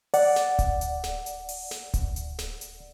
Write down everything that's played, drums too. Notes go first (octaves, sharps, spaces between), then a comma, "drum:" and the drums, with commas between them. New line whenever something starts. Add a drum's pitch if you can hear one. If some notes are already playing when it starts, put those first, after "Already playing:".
D5 F#5, drum: open hi-hat
drum: snare
drum: kick D1, hi-hat
drum: hi-hat
drum: snare
drum: hi-hat
drum: open hi-hat
drum: snare
drum: kick D1, hi-hat
drum: hi-hat
drum: snare
drum: hi-hat